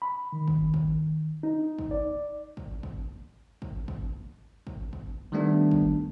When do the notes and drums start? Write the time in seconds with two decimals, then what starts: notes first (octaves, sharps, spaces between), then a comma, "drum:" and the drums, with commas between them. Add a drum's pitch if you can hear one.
0.02 B5
0.32 D#3
0.48 drum: kick
0.74 drum: kick
1.43 D#4
1.79 drum: kick
1.91 D5
2.57 drum: kick
2.83 drum: kick
3.62 drum: kick
3.88 drum: kick
4.67 drum: kick
4.93 drum: kick
5.32 D#3 G3 A3 B3 D4
5.71 drum: kick